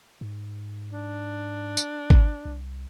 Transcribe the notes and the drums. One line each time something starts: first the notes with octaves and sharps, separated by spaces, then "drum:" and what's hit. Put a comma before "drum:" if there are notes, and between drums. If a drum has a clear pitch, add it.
G#2
D4
drum: tambourine
drum: kick G#1
C2